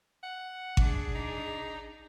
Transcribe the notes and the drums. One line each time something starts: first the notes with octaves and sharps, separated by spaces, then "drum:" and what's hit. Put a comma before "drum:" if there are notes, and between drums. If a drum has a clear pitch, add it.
F#5
D4 G#4, drum: kick G#1
D#4